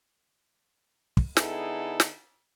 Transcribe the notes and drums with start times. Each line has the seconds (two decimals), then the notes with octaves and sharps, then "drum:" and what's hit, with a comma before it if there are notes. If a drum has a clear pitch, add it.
1.17 drum: kick
1.37 D3 B3 D#4 E4 G#4 A4, drum: snare
2.00 drum: snare